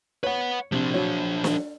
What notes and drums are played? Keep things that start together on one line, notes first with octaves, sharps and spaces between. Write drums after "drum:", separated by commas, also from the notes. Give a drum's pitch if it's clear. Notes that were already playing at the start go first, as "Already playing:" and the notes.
B4 C#5 F#5
C3 F3 D4
F#3 F#4 C#5
drum: snare